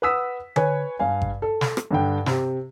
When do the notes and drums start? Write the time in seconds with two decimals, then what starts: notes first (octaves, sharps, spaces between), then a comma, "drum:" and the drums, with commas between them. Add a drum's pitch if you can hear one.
0.02 B4 F#5 D#6 E6 B6
0.56 B4 C#5 G#5, drum: tom D3
0.99 G2 F5 G#5
1.22 drum: kick G#1
1.42 A4
1.61 drum: snare
1.77 drum: rim click
1.91 G2 D3 G5
2.26 C3 G4, drum: snare